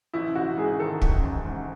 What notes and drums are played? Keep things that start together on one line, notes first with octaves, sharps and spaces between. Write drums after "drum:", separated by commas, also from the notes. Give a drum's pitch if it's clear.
A1 E4
A1 F#4
G#2 G#4
D#3 A4
A1, drum: kick
A1
G#2